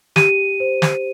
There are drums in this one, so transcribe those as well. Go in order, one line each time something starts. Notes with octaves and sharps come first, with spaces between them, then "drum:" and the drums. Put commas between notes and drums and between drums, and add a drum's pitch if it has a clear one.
G4 D#7, drum: snare
C5
drum: snare